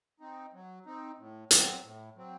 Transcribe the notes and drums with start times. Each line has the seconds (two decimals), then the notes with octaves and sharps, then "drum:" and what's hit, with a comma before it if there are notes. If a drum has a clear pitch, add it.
0.20 C4 D#4
0.53 F#3
0.86 C4 D#4
1.18 A2
1.51 F#3 C4, drum: hi-hat
1.84 A2
2.16 F#3 C4